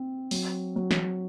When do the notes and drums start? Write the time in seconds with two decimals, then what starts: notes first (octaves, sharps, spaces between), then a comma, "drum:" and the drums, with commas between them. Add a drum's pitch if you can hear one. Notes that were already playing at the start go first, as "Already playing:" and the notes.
Already playing: C4
0.31 F#3, drum: open hi-hat
0.76 F#3
0.91 drum: snare